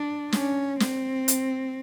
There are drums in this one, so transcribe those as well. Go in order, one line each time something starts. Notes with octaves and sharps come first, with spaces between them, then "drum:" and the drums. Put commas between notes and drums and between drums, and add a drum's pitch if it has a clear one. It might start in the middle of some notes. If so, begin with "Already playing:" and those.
Already playing: D4
C#4, drum: snare
C4, drum: snare
drum: hi-hat